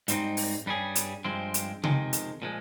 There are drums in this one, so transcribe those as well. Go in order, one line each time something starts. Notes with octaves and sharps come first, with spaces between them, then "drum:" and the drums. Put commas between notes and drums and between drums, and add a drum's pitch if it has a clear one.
G#2 G3 C4 D#4, drum: hi-hat
drum: open hi-hat
G2 G3 C#4 G#4
drum: hi-hat
G2 F3 G#3 C4
drum: hi-hat
F2 C3 D#3 G#3, drum: tom C3
drum: hi-hat
A#2 F3 G#3